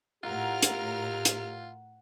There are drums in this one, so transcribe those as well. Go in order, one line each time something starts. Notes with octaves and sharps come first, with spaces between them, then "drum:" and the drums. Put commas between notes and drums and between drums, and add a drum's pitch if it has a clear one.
A2 F4 G4 A#4 F#5 F6
drum: hi-hat
drum: hi-hat